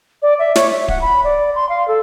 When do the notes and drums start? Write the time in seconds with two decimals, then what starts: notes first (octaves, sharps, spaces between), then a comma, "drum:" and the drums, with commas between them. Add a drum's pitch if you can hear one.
0.22 D5
0.39 E5
0.56 C#5, drum: snare
0.71 E5
0.88 F#5, drum: kick D1
1.01 B5
1.24 D5
1.55 C6
1.69 F5
1.88 A4